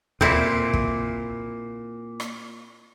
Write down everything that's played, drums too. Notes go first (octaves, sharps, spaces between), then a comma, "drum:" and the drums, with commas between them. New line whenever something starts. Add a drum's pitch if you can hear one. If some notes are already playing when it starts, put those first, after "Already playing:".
A#2 C4 E4, drum: tom D2
drum: kick
drum: rim click